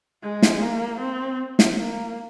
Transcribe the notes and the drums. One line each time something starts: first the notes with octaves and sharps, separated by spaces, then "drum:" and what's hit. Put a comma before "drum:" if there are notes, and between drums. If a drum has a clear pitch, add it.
G#3
drum: snare
A#3
C4
drum: snare
A#3